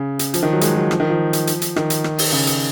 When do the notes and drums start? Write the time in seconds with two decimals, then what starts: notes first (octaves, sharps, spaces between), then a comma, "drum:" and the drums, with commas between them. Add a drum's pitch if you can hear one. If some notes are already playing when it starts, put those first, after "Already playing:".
Already playing: C#3
0.19 drum: hi-hat
0.34 F3, drum: hi-hat
0.43 D#3
0.53 F#3
0.61 G#3, drum: hi-hat
0.76 F#3
0.91 F3, drum: rim click
1.00 D#3
1.10 F3
1.33 drum: hi-hat
1.47 drum: hi-hat
1.62 drum: hi-hat
1.76 D#3, drum: rim click
1.90 drum: hi-hat
2.04 drum: rim click
2.18 drum: open hi-hat
2.32 C#3
2.47 drum: hi-hat